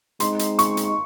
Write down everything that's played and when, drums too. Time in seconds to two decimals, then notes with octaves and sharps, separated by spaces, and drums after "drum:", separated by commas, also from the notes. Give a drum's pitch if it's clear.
0.20 G#3 C4 D#4 C6, drum: hi-hat
0.39 drum: hi-hat
0.59 C#6, drum: hi-hat
0.77 drum: hi-hat